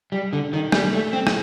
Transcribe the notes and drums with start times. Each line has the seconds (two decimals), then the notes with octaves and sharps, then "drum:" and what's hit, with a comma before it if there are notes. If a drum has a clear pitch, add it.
0.12 G3
0.33 D3
0.53 D#3
0.72 G3, drum: rim click
0.93 A3
1.13 C4
1.27 drum: rim click